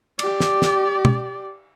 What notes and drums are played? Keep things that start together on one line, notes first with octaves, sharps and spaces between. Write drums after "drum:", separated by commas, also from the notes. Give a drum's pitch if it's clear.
G4 D5, drum: cymbal
drum: snare
drum: snare
drum: tom